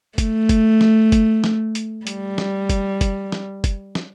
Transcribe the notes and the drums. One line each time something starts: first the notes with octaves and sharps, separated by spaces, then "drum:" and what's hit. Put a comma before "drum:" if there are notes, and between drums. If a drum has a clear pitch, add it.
A3, drum: kick, hi-hat
drum: kick, hi-hat
drum: snare
drum: kick, hi-hat
drum: snare
drum: hi-hat
G3, drum: hi-hat
drum: snare
drum: kick, hi-hat
drum: kick, hi-hat
drum: snare
drum: kick, hi-hat
drum: snare